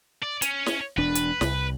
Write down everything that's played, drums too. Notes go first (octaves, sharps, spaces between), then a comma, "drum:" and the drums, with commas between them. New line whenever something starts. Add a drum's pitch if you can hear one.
D5
C#4, drum: hi-hat
drum: snare
E1 D4 B4
drum: hi-hat
C2, drum: snare